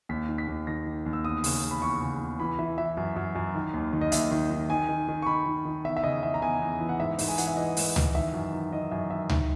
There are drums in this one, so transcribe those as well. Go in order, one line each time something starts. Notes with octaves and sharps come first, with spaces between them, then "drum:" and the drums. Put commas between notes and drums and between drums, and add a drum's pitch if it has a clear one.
D#2 B6
D#3
B6
D#2
D#3 A#6
D#3
D#2
E6
E2 D#6
C#3, drum: open hi-hat
E2
B5
E2 C#6
C#3
E2
E3 B5
E3 E5
E3 E5
F#2
F#2
F#2
D#3
D#2
D#3
D#5
D#2 E5, drum: hi-hat
D#3
D#3
D#3 G#5
D#3
D#3
C#6
D#3 B5
D#3
D#3
E2 E5
E5
C#3 D#5
E2 E5
A#5
E2 G#5
E2
E3
F#5
G#2 E5
G#2, drum: open hi-hat
G#5
E3 F#5, drum: hi-hat
E5
E3 D#5
G#2, drum: open hi-hat
E3, drum: tom C#2
D#3 E5
F#2
D#3
D#3 D#5
F#2 E5
D#3 E5
D#3, drum: tom C#2